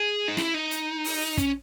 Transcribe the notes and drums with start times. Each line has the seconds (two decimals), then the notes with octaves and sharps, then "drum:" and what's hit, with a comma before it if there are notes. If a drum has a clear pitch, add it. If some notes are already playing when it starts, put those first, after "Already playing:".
Already playing: G#4
0.28 D#4
0.37 E4, drum: snare
0.54 D#4
0.71 drum: hi-hat
1.04 drum: open hi-hat
1.37 C#4, drum: kick, hi-hat